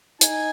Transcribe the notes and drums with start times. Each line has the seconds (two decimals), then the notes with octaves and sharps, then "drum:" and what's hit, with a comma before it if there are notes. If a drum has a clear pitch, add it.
0.21 D#4 G#5, drum: hi-hat